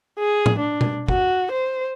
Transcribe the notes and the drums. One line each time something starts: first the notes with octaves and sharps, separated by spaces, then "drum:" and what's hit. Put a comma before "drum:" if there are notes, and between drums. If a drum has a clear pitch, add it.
G#4
drum: tom A2
D4
drum: tom B2
F#4, drum: kick
C5